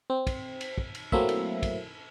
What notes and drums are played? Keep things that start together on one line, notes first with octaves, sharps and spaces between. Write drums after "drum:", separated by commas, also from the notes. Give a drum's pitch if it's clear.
C4
drum: kick, cymbal
drum: cymbal
drum: kick
drum: cymbal
F#3 A3 A#3 C4 E4 E5, drum: kick
drum: cymbal
drum: kick, cymbal